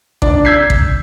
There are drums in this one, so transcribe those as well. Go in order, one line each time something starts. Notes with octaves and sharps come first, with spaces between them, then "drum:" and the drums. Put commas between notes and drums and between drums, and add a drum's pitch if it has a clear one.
D4 D5, drum: kick A1
E6 G6 G#6 B6 C7
drum: kick A1